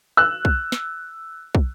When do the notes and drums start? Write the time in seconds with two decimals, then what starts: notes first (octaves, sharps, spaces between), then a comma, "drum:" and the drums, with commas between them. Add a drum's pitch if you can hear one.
0.17 E6 F#6
0.45 drum: kick
0.72 drum: snare
1.55 drum: kick